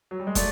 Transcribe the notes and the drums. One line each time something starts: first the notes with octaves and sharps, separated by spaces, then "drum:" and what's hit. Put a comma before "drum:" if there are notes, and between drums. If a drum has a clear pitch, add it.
F#3
G3
G#3
A3 D5, drum: kick, hi-hat